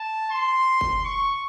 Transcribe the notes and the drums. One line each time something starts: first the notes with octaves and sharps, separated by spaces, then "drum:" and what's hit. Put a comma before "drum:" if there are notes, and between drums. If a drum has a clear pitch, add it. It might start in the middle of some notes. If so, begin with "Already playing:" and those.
Already playing: A5
C6
drum: kick F#1
C#6